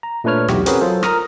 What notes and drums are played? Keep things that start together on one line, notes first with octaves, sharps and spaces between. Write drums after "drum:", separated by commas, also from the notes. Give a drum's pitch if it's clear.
A#5
A#2 A3 D4 B4 C#5 F6
B1 E2 F#4 G4, drum: rim click
C4 C#4 F#4 G#4 A#4 B4, drum: hi-hat
F#3 F4 A4 C5
A#4 A#5 D#6 F6, drum: rim click